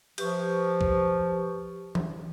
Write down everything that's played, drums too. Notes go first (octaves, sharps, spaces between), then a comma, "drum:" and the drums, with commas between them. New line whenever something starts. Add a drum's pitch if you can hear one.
F3 G4 B4 C#6, drum: cymbal
drum: kick
drum: tom E3